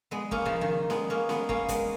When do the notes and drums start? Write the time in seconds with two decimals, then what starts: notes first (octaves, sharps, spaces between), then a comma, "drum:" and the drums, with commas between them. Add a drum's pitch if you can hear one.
0.11 G#3 B3
0.31 A#3 C#4, drum: kick
0.45 C#3 F3
0.61 D#3
0.90 G#3 B3, drum: snare C#4
1.10 A#3 C#4
1.29 G#3 B3, drum: snare C#4
1.49 A#3 C#4, drum: kick
1.68 G#3 B3, drum: kick, hi-hat